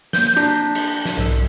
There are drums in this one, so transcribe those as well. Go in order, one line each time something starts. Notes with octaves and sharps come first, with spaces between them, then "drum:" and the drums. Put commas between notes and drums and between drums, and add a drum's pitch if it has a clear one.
A#3 G6 D7, drum: snare
D4 A#5 A#6 B6
drum: cymbal
drum: snare
B1 G#2 F3 E6